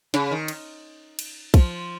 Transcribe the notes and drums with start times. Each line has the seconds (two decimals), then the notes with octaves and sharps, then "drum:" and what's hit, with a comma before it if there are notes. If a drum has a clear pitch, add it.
0.14 C#3, drum: snare
0.31 D#3
0.48 drum: cymbal
1.19 drum: cymbal
1.54 F3, drum: kick, cymbal